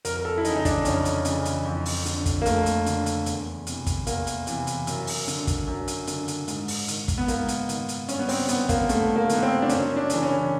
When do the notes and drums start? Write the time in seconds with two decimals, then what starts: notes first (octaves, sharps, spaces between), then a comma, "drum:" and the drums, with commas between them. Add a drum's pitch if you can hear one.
0.05 F2 A#4, drum: hi-hat
0.17 A#4
0.25 A4
0.38 E4
0.45 C#3 E3 D#4, drum: hi-hat
0.56 D#4
0.65 D4, drum: kick, hi-hat
0.85 F2 C#4, drum: hi-hat
1.05 drum: hi-hat
1.25 C#3 E3, drum: hi-hat
1.45 drum: hi-hat
1.65 F2
1.86 drum: open hi-hat
2.06 D3, drum: hi-hat
2.26 drum: kick, hi-hat
2.42 A#3
2.46 F2 A3, drum: hi-hat
2.66 drum: hi-hat
2.86 D3, drum: hi-hat
3.06 drum: hi-hat
3.26 E2, drum: hi-hat
3.67 C3 E3, drum: hi-hat
3.87 drum: kick, hi-hat
4.07 E2 A#3, drum: hi-hat
4.27 drum: hi-hat
4.47 C3 E3, drum: hi-hat
4.67 drum: hi-hat
4.87 F#2, drum: hi-hat
5.07 drum: open hi-hat
5.28 D3, drum: hi-hat
5.47 drum: kick, hi-hat
5.67 F#2
5.88 drum: hi-hat
6.07 D3, drum: hi-hat
6.28 drum: hi-hat
6.48 G#2, drum: hi-hat
6.68 drum: open hi-hat
6.88 D#3, drum: hi-hat
7.08 drum: kick, hi-hat
7.18 B3
7.28 G#2 A#3, drum: hi-hat
7.48 drum: hi-hat
7.69 D#3, drum: hi-hat
7.89 drum: hi-hat
8.08 G2 C#4, drum: hi-hat
8.19 B3
8.29 C4, drum: open hi-hat
8.48 D#3 B3, drum: hi-hat
8.69 A#3, drum: kick, hi-hat
8.89 G2 A3, drum: hi-hat
9.16 A#3
9.29 D#3 B3, drum: hi-hat
9.43 C4
9.62 D4
9.69 F#2 C#4, drum: hi-hat
9.96 D4
10.10 C#3 E3, drum: hi-hat
10.23 C#4